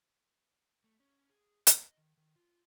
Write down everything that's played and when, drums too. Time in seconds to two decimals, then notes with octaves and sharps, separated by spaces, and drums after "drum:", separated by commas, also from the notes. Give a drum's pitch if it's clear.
0.84 A3
1.00 C#4
1.30 G#4
1.67 A#3, drum: hi-hat
1.85 D#5
1.97 D#3
2.17 D#3
2.36 F4